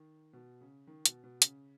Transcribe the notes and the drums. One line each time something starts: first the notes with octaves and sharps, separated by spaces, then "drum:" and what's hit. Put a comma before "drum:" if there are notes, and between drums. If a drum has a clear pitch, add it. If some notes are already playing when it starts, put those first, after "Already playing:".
Already playing: D#3
B2
C#3
D#3
B2, drum: hi-hat
B2
C#3, drum: hi-hat